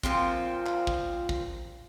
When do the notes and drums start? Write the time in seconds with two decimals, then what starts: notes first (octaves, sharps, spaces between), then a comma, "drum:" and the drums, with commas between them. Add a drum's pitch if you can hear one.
0.03 A#2 D3 F3 C4, drum: kick
0.66 drum: clap
0.87 drum: kick
1.29 drum: kick